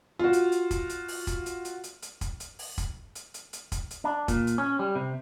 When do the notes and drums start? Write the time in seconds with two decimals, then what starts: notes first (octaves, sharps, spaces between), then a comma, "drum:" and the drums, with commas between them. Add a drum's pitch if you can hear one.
0.19 F4 F#4
0.33 drum: hi-hat
0.52 drum: hi-hat
0.71 drum: kick, hi-hat
0.89 drum: hi-hat
1.08 drum: open hi-hat
1.27 drum: kick, hi-hat
1.46 drum: hi-hat
1.65 drum: hi-hat
1.84 drum: hi-hat
2.02 drum: hi-hat
2.21 drum: kick, hi-hat
2.40 drum: hi-hat
2.59 drum: open hi-hat
2.78 drum: kick, hi-hat
3.15 drum: hi-hat
3.34 drum: hi-hat
3.53 drum: hi-hat
3.72 drum: kick, hi-hat
3.91 drum: hi-hat
4.04 D4
4.28 A#2, drum: kick, hi-hat
4.47 drum: hi-hat
4.58 C#4
4.79 G3
4.95 C3